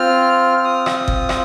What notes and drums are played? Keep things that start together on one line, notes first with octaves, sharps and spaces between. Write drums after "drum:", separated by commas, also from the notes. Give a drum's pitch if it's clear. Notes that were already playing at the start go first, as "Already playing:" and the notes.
Already playing: C4 F4 F6
F6
D#6
drum: rim click
drum: kick G1
drum: rim click